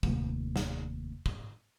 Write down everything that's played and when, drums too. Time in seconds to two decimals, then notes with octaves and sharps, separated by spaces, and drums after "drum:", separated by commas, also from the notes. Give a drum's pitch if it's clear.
0.03 F1 D#2, drum: kick
0.56 drum: snare
1.26 drum: kick